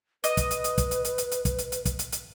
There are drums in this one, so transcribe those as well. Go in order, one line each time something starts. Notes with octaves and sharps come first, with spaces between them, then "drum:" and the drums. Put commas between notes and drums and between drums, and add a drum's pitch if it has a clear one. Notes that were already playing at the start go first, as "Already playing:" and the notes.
B4 D#5, drum: hi-hat
drum: kick, hi-hat
drum: hi-hat
drum: hi-hat
drum: kick, hi-hat
drum: hi-hat
drum: hi-hat
drum: hi-hat
drum: hi-hat
drum: kick, hi-hat
drum: hi-hat
drum: hi-hat
drum: kick, hi-hat
drum: hi-hat
drum: hi-hat